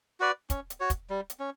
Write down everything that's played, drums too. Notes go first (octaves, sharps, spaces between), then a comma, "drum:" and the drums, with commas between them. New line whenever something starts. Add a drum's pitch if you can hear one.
F#4 B4 D5
C#4, drum: kick, hi-hat
drum: hi-hat
F#4 C#5
drum: kick, hi-hat
G3
drum: hi-hat
C#4